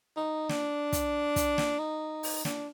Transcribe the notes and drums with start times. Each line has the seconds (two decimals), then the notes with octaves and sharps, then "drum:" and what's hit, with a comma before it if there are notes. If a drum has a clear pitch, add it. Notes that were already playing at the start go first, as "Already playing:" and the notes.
0.16 D#4
0.49 D4, drum: snare
0.92 drum: kick, hi-hat
1.36 drum: kick, hi-hat
1.58 drum: snare
1.79 D#4
2.23 drum: open hi-hat
2.45 D4, drum: snare